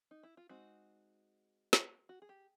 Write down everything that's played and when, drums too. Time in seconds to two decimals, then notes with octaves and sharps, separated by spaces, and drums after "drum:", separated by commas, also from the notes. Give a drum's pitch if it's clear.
0.11 D#4
0.23 E4
0.37 F4
0.49 G#3 C4 D#4 F#4
1.73 drum: snare
2.09 F#4
2.22 G#4
2.29 G4